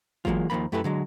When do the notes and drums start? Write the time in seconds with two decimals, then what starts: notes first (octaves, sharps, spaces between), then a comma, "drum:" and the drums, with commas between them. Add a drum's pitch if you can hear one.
0.25 E3 F#3 G#3 A#3 F4, drum: kick G1
0.50 D#2 D#3 F3 A#3 B5
0.72 F#2 A3 E4 G4 A4 B4
0.84 D3 F#3 G#3